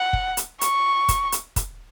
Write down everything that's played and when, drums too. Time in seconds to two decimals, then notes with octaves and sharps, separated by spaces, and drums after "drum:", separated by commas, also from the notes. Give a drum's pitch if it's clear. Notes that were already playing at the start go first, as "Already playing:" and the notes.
Already playing: F#5
0.13 drum: kick
0.37 drum: hi-hat
0.61 C#6, drum: hi-hat
1.08 drum: kick, hi-hat
1.32 drum: hi-hat
1.56 drum: kick, hi-hat